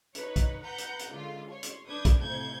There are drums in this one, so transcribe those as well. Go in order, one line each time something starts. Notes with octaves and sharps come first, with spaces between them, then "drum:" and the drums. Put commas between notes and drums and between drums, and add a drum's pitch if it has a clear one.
D#4 B4 C#5, drum: hi-hat
drum: kick, hi-hat
B4 F#5 A#5 G6
drum: hi-hat
drum: hi-hat
C#2 D3 F4
C#5 C6
drum: hi-hat
D4 B4 D#6 G6 G#6
drum: kick, hi-hat
F2 A2 C3 G6 G#6